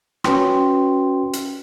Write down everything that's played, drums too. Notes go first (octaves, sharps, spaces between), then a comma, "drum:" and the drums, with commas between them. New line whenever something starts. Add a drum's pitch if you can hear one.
C#4 F#4 B4 G5 C6, drum: rim click
drum: hi-hat